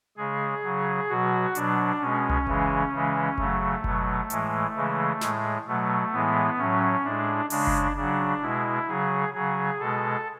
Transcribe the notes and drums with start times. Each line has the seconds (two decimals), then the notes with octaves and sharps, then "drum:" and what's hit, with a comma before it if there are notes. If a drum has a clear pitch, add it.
0.17 C#3 G#3 G#4
0.63 C#3 F#3
1.09 B2 F#3 F#4
1.55 B2 F#3 D4, drum: hi-hat
2.01 B2 G#3 C#4
2.30 drum: tom C2
2.47 C#3 E3 G#3, drum: kick F#1
2.92 C#3 E3 G#3
3.38 C#3 F#3 A3, drum: kick F#1
3.84 B2 F#3, drum: kick F#1
4.30 A2 E3 G#3, drum: hi-hat
4.75 C#3 E3 G#3
5.21 A2 G#3, drum: snare
5.67 B2 F#3 A3
6.13 A2 E3 G#3 B3
6.59 A2 F#3 C#4
7.04 A2 G#3 D4
7.50 C#3 G#3 D4, drum: open hi-hat
7.67 drum: kick F#1
7.96 C#3 F#3 D4
8.42 B2 G#3 E4
8.88 C#3 F#3 G#4
9.33 C#3 F#3 G#4
9.79 B2 G#3 A4